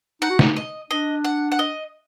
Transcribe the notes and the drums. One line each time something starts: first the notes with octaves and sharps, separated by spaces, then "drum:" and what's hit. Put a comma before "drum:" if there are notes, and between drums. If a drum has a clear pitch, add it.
D#4 F#5
F#4
D#4, drum: snare
D#5
D4 D#5
F#5
F#5
D#5